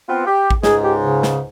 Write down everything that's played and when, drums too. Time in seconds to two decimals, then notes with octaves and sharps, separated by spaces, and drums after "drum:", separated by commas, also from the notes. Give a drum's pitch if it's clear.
0.09 B3 C4 F4
0.27 G4
0.50 drum: kick A1
0.64 C#2 G#2 G#4, drum: snare
0.84 G4
1.00 C#3
1.23 drum: snare